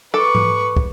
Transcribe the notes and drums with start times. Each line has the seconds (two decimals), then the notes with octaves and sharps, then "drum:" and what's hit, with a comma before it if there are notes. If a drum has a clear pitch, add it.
0.14 A4 B4 C#6 D6
0.35 drum: tom G#2
0.77 drum: kick